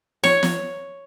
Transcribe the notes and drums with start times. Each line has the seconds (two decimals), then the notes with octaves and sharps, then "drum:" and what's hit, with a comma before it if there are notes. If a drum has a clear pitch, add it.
0.24 C#5, drum: snare
0.43 drum: snare